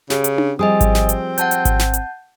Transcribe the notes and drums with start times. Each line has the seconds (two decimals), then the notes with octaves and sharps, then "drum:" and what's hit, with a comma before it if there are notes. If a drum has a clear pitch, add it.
0.10 C#3 G4, drum: snare
0.24 drum: hi-hat
0.38 drum: tom D4
0.59 F3 G3 C4 G#4 D#5 G#5 D#6
0.81 drum: kick G#1, hi-hat
0.95 drum: snare
1.09 drum: hi-hat
1.38 F#5 A5 G6, drum: hi-hat
1.51 drum: hi-hat
1.65 drum: kick G#1, hi-hat
1.79 drum: snare
1.94 drum: hi-hat